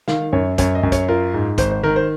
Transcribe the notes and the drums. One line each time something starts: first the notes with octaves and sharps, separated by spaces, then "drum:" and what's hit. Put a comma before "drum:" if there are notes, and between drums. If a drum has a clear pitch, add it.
D#3 F5, drum: snare
F#2 C#5
F#2 C#5, drum: kick, hi-hat
D#5
F#2
C#5, drum: kick, hi-hat
F4 A#4
G#2
G#1 C5, drum: kick, hi-hat
C5
D#3 A#4
C5